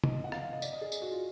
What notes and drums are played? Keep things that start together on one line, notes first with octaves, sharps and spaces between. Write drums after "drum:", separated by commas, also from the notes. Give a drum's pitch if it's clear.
D#5, drum: tom
F#5
F5, drum: rim click
F5
D#5
D5, drum: tambourine
D#5
G#4
drum: tambourine
F#4
F4